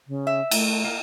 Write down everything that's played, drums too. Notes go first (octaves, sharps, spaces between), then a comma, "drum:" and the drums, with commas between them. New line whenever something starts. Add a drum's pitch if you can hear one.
C#3
E5
A3, drum: cymbal
A#3